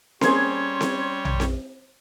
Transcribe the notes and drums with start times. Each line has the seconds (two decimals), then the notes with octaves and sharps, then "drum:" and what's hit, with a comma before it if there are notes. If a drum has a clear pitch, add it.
0.21 G3 A#3 C4 C#4 G#4 C#5 C6 G#6, drum: snare C4
0.81 drum: snare C4
1.25 drum: tom A#1
1.40 drum: snare C4